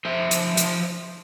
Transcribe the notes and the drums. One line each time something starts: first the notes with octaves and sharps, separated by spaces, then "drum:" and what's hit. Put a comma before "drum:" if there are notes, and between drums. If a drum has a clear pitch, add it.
F3 C5 E5
F3, drum: hi-hat
F3, drum: hi-hat